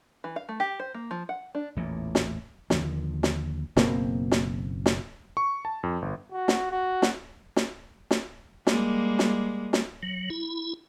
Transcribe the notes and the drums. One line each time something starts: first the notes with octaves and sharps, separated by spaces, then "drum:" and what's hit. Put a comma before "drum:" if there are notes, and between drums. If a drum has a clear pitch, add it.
E3
F5
A3
G4
C5
A#3
F3
F#5
D4
A1 E2 A#2
drum: snare
D#2 D3 F3, drum: snare
drum: snare
F#1 B2 A#3 C4, drum: snare
drum: snare
drum: snare
C#6
A5
F2
G1
F#4
drum: snare
F#4
drum: snare
drum: snare
drum: snare
G3 G#3 A#3, drum: snare
drum: snare
drum: snare
F#3
E4